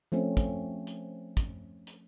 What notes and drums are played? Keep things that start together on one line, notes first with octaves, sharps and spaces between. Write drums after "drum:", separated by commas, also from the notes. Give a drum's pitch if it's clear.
F3 A3 C4 C#4
drum: kick, hi-hat
drum: hi-hat
drum: kick, hi-hat
drum: hi-hat